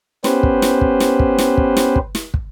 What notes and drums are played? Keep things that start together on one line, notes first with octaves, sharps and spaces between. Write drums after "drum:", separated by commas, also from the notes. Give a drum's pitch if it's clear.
B3 C#4 G4 B4 C5, drum: snare
drum: kick
drum: snare
drum: kick
drum: snare
drum: kick
drum: snare
drum: kick
drum: snare
drum: kick
drum: snare
drum: kick